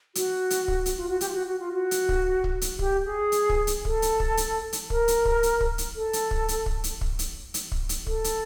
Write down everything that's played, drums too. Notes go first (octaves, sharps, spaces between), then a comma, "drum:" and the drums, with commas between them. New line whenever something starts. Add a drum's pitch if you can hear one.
F#4, drum: hi-hat
drum: hi-hat
drum: kick
drum: hi-hat
F4
F#4
G4, drum: hi-hat
F4
F#4
F#4
F4
F#4
drum: hi-hat
drum: kick
drum: kick
drum: hi-hat
G4, drum: kick
G#4
drum: hi-hat
drum: kick
drum: hi-hat
A4, drum: kick
drum: hi-hat
drum: kick
drum: hi-hat
drum: hi-hat
A#4, drum: kick
drum: hi-hat
drum: kick
drum: hi-hat
drum: kick
drum: hi-hat
A4
drum: hi-hat
drum: kick
drum: hi-hat
drum: kick
drum: hi-hat
drum: kick
drum: hi-hat
drum: hi-hat
drum: kick
drum: hi-hat
A4, drum: kick
drum: hi-hat